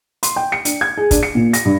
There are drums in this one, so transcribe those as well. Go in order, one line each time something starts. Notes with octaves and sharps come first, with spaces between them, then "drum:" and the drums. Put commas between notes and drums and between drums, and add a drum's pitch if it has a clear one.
C6, drum: hi-hat
G5
C#7
D4, drum: hi-hat
G#6
G#4
D4, drum: kick, hi-hat
C#7
A#2
A#6, drum: hi-hat
G2